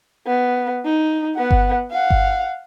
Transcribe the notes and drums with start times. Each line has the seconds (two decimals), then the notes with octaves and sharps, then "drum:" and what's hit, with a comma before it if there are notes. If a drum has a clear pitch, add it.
0.27 B3
0.85 D#4
1.36 B3 F#5
1.51 drum: kick G1
1.91 F5 F#5
2.10 drum: kick G1